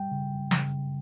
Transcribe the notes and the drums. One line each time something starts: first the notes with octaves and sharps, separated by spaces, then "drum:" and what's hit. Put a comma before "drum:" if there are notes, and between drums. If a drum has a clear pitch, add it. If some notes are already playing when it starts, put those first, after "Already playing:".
Already playing: G3 G5
C#3
C#3, drum: snare